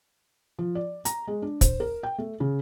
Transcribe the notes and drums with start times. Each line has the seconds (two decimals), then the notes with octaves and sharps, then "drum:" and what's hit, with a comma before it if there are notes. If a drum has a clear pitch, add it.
0.59 F3
0.75 D5
1.05 A#5, drum: hi-hat
1.27 G#3
1.42 D4
1.61 C5, drum: kick, hi-hat
1.80 A#4
2.03 G5
2.18 A3
2.40 C#3